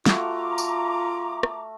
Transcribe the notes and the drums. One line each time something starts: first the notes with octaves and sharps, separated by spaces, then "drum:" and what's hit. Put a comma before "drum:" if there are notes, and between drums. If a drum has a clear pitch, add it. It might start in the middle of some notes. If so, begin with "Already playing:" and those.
A3 F4 F#4 F5 A#5 D6, drum: snare
drum: tambourine
drum: rim click